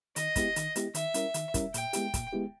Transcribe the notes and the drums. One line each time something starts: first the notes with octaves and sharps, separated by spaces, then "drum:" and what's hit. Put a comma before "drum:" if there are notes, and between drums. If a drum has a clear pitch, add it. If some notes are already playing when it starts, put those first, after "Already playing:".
D#3 D#5, drum: hi-hat
G#3 B3 E4 G4, drum: kick, hi-hat
D#3, drum: hi-hat
G#3 B3 E4 G4, drum: hi-hat
D#3 E5, drum: hi-hat
G3 C#4 E4 A#4, drum: hi-hat
D#3, drum: hi-hat
G3 C#4 E4 A#4, drum: kick, hi-hat
A#2 G5, drum: hi-hat
G#3 B3 E4 G4, drum: hi-hat
A#2, drum: kick, hi-hat
G#3 B3 E4 G4